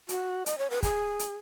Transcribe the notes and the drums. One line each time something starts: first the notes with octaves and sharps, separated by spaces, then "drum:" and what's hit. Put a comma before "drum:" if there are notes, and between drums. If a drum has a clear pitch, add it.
F#4, drum: hi-hat
D#5, drum: hi-hat
C#5
B4
G#4, drum: kick, hi-hat
drum: hi-hat